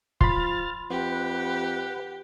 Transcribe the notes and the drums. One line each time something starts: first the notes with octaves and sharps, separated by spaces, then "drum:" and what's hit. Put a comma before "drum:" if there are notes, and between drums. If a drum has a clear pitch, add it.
F3 B5 C6 F6 A6, drum: kick
F2 G4 B4 F#5